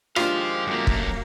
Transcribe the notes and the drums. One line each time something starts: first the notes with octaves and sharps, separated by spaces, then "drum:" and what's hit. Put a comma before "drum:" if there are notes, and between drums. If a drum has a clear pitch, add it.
D#3 G#3 D4 F4 G4 C5 F5, drum: rim click
F#2 A3 A#3 F#4
drum: kick